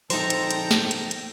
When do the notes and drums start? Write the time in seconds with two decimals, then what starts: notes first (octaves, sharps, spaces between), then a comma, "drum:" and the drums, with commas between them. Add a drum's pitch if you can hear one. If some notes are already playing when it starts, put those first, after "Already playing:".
0.10 F2 A#2 D#4 A4 C5 G5 A#5, drum: open hi-hat
0.30 drum: hi-hat
0.51 drum: hi-hat
0.71 drum: snare
0.91 drum: hi-hat
1.11 drum: hi-hat